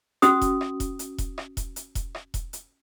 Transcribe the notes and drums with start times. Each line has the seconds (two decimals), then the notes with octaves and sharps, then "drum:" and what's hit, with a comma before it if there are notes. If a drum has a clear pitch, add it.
0.22 C#4 F#4 D#6, drum: hi-hat
0.41 drum: kick E1, hi-hat
0.61 drum: rim click
0.80 drum: kick E1, hi-hat
0.99 drum: hi-hat
1.18 drum: kick E1, hi-hat
1.38 drum: rim click
1.57 drum: kick E1, hi-hat
1.76 drum: hi-hat
1.95 drum: kick E1, hi-hat
2.15 drum: rim click
2.34 drum: kick E1, hi-hat
2.53 drum: hi-hat